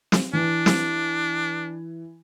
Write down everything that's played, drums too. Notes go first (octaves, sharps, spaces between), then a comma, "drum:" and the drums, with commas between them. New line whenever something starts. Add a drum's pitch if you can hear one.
drum: snare
E3 D4
drum: snare